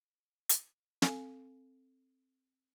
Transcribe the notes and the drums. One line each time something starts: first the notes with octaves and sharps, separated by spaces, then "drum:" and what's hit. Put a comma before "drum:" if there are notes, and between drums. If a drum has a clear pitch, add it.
drum: hi-hat
C4 A4 F5 G#5, drum: snare